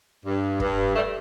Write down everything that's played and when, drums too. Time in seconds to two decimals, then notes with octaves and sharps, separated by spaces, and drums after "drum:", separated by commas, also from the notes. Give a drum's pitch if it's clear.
0.24 G2
0.60 G2, drum: kick
0.95 G3 A3